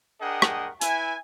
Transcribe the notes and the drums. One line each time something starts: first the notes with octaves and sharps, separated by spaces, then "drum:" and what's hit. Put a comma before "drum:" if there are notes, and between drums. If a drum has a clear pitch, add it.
D4 G#4 A#4 D#5 F#5 G5
drum: rim click
E4 B4 E5 G#5, drum: hi-hat